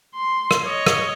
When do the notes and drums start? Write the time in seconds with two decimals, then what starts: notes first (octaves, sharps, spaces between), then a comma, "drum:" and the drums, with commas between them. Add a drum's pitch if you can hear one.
0.15 C6
0.51 drum: rim click
0.65 C#5 D#5
0.87 drum: rim click